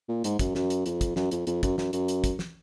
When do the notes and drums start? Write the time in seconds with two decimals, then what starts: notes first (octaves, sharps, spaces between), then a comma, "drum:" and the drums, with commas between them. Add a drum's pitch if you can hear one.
0.09 A#2
0.24 G#2, drum: hi-hat
0.39 F#2, drum: kick, hi-hat
0.55 F#2, drum: snare
0.70 drum: hi-hat
0.86 F2, drum: hi-hat
1.01 drum: kick, hi-hat
1.16 F#2, drum: snare
1.31 F2, drum: hi-hat
1.47 F2, drum: hi-hat
1.63 F#2, drum: kick, hi-hat
1.78 F#2, drum: snare
1.93 F#2, drum: hi-hat
2.08 drum: hi-hat
2.24 drum: kick, hi-hat
2.39 drum: snare